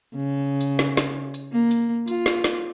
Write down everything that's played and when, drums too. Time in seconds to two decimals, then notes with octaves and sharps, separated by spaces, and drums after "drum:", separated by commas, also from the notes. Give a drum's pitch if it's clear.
0.15 C#3
0.61 drum: hi-hat
0.79 drum: snare
0.97 drum: snare
1.34 drum: hi-hat
1.52 A#3
1.71 drum: hi-hat
2.08 F4, drum: hi-hat
2.26 drum: snare
2.44 drum: snare